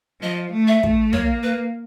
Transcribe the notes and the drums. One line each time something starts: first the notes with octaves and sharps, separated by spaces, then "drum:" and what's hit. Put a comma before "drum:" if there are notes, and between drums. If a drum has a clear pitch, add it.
F3 D#5
A3
E5
A3, drum: kick
A#3 C#5, drum: tom
B4